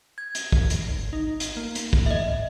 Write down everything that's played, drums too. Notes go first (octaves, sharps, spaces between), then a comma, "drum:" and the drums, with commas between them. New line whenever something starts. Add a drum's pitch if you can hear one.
G#6
drum: hi-hat
drum: kick
drum: hi-hat
G#1
D#4
drum: hi-hat
A#3
drum: hi-hat
drum: kick
A2 D#5 E5